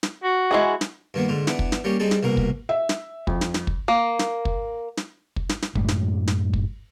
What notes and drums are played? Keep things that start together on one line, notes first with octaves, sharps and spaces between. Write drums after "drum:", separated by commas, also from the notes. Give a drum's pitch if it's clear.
drum: snare
F#4
G#3 E4 G#4
drum: snare
G2 D#3 A#3 B3
G#2 D3 F4
E3 B3 D4, drum: snare
drum: kick
drum: snare
G3 A#3 C#4 G4
G3 C4 D#4 G#4 A4
drum: snare
C2 B2 A#3 A#4
drum: kick
E5
drum: snare
F2, drum: kick
drum: snare
drum: snare
drum: kick
A#3
drum: snare
drum: kick
drum: snare
drum: kick
drum: snare
drum: snare
F#2 A2 E3 G#3, drum: kick
drum: snare
drum: snare
drum: kick